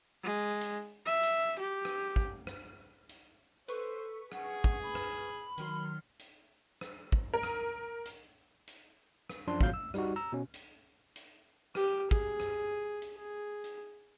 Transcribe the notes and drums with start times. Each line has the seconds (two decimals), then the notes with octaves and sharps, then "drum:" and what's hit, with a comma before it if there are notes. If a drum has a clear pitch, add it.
0.23 G#3
0.61 drum: hi-hat
1.06 E5
1.23 drum: hi-hat
1.59 G4
1.85 drum: rim click
2.16 drum: kick
2.47 drum: rim click
3.09 drum: hi-hat
3.68 A4 B4 C5 C#6, drum: hi-hat
4.32 G#4 F#5, drum: rim click
4.64 drum: kick
4.82 B5
4.95 drum: rim click
5.58 D#3 F#3 C6 F6, drum: hi-hat
6.19 drum: hi-hat
6.81 drum: rim click
7.12 drum: kick
7.34 A#4
7.43 drum: rim click
8.05 drum: hi-hat
8.67 drum: hi-hat
9.30 drum: rim click
9.47 F#2 F3 D4 C6
9.61 G#1 A#2 F#3 F5 G6, drum: kick
9.74 E6
9.94 G3 D#4 F#4, drum: rim click
10.16 A#5 E6
10.32 B2 C#4
10.54 drum: hi-hat
11.16 drum: hi-hat
11.75 G4, drum: rim click
12.11 G#4, drum: kick
12.40 drum: rim click
13.02 drum: hi-hat
13.16 G#4
13.64 drum: hi-hat